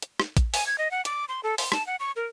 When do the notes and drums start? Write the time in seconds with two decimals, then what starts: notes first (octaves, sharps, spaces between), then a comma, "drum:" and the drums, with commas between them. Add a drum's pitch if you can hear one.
0.02 drum: hi-hat
0.20 drum: rim click
0.37 drum: kick A1, hi-hat
0.54 G#5, drum: open hi-hat
0.67 G#6
0.78 D#5
0.91 F#5
1.05 D6, drum: hi-hat
1.29 C6
1.43 A4
1.58 C6, drum: open hi-hat
1.72 A5, drum: rim click
1.87 F#5
2.00 C#6
2.16 A#4